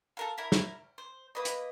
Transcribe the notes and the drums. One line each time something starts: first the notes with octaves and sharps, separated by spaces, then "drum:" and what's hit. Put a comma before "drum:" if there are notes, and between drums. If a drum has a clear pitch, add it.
A4 A#4 F5
E4 A#4 B5
drum: snare
C5
A#3 B4 D#5
drum: hi-hat